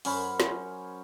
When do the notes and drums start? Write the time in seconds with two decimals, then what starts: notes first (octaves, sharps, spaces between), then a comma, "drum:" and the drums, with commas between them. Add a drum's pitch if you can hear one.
0.05 F#2 C#4 C5 B5, drum: open hi-hat
0.40 drum: snare